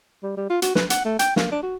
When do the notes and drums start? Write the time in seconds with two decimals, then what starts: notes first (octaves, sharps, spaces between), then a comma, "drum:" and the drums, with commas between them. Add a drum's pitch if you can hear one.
0.23 G3
0.37 G3
0.50 F4
0.62 F#4, drum: hi-hat
0.75 B4, drum: snare
0.90 F#5, drum: hi-hat
1.05 A3
1.19 G5, drum: hi-hat
1.36 A#3, drum: snare
1.52 D4
1.63 F#4